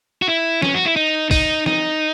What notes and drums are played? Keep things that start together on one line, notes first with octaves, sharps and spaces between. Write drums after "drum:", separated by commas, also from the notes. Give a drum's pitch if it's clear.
F#4
E4
C#4, drum: snare
F#4
E4
D#4
D#4, drum: kick, open hi-hat
D#4, drum: snare